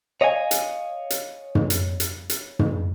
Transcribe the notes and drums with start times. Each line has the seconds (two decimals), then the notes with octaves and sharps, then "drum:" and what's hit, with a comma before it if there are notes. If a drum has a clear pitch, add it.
0.21 C#5 D#5 F5 F#5 G#5
0.51 drum: hi-hat
1.10 drum: hi-hat
1.55 drum: tom
1.70 drum: hi-hat
2.00 drum: hi-hat
2.30 drum: hi-hat
2.59 drum: tom